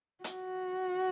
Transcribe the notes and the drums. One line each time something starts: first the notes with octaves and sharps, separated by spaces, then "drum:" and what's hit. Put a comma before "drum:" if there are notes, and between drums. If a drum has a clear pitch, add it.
F#4, drum: hi-hat